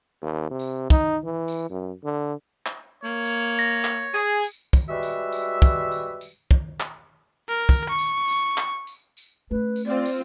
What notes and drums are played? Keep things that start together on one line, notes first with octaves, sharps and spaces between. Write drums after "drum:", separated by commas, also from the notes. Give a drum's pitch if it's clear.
D#2
C3
drum: tambourine
D#4, drum: kick, tambourine
E3
drum: tambourine
F#2
D3
drum: clap
A#3 C#5
drum: tambourine
A#6
drum: clap
G#4, drum: tambourine
drum: tambourine
drum: kick, tambourine
G3 G#3 F#4 B4 E5
drum: tambourine
drum: tambourine
drum: kick, tambourine
drum: tambourine
drum: tambourine
drum: kick
drum: clap
A#4
drum: kick, tambourine
C#6
drum: tambourine
drum: tambourine
drum: clap
drum: tambourine
drum: tambourine
A3 C#4 B4
drum: tambourine
C4 F4 D5
drum: tambourine